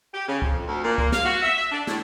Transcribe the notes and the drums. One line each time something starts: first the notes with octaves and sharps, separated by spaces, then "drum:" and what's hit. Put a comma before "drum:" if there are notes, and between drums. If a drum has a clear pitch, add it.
G4
C#3
F2, drum: kick C#2
D2
A#2
A#3, drum: kick C#2
F5, drum: snare
F#4
E5
E5
D4
A2, drum: snare